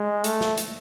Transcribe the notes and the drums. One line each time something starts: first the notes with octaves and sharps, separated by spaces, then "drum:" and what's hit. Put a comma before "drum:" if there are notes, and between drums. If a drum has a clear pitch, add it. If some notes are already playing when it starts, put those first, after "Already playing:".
Already playing: G#3
A3, drum: hi-hat
drum: snare
drum: hi-hat